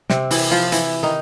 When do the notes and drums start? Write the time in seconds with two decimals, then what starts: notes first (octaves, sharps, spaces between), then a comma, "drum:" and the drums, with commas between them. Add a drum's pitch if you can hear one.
0.10 C3 C4, drum: snare
0.31 E3 E4, drum: open hi-hat
0.51 F3 F4
0.72 E3 E4, drum: hi-hat
1.03 D#3 D#4